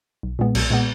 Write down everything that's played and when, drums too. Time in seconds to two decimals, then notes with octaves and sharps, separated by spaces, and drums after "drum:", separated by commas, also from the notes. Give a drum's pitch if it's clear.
0.23 B1
0.39 A#2 G#3 B3
0.55 B1, drum: cymbal
0.70 A#2 G#3 B3